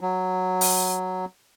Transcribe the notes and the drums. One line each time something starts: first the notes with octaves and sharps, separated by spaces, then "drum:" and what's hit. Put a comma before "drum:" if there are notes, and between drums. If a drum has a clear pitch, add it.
F#3
drum: open hi-hat